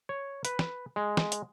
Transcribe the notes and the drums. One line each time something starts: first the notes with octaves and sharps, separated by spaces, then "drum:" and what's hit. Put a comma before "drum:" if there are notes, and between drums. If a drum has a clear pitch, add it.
C#5
B4, drum: hi-hat
drum: snare
G#3
drum: snare
drum: hi-hat